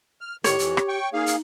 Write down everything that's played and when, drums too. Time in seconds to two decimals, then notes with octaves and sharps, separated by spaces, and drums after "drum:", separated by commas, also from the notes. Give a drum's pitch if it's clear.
0.21 F6
0.44 A2 D#3 G4 C#5, drum: hi-hat
0.59 F2 E3, drum: hi-hat
0.77 drum: rim click
0.88 G5 C#6
1.13 A#3 D#4 G#4 F5
1.26 drum: hi-hat